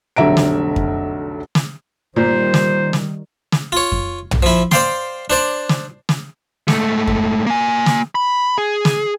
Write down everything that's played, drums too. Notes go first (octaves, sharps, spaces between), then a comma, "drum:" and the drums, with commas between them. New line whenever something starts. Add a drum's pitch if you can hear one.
F1 B1 D3 E5 A#5 D7
drum: snare
drum: kick F2
drum: snare
A#2 D#3 G3 C5
drum: snare
drum: snare
drum: snare
F4 C#5
drum: kick F2
drum: tom
F3 E4
C5 D5 F5 G5 C6, drum: snare
D4 C5 D5
drum: snare
drum: snare
G#2 A3, drum: snare
drum: kick F2
A#3 G#5
drum: snare
B5
G#4
drum: snare